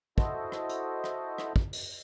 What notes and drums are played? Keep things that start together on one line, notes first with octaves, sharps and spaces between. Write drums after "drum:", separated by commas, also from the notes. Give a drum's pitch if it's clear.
E4 F#4 A4 C5 D#5, drum: kick
drum: rim click
drum: hi-hat
drum: rim click
drum: rim click
drum: kick
drum: open hi-hat